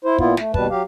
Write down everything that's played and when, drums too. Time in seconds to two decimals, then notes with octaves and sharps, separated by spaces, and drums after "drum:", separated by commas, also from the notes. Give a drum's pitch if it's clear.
0.05 E4 C5
0.18 A#2 B3 E4 F4, drum: kick
0.37 A3, drum: snare
0.54 D#2 B2 G3 B4 A5, drum: kick
0.70 F#3 G4 F5